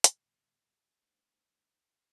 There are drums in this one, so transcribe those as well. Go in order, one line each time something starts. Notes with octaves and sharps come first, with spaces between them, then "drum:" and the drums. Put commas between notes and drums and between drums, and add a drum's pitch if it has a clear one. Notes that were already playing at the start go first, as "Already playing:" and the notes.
A2 D3 G3 B3, drum: hi-hat
G#3 A#3 D4 D#4 C5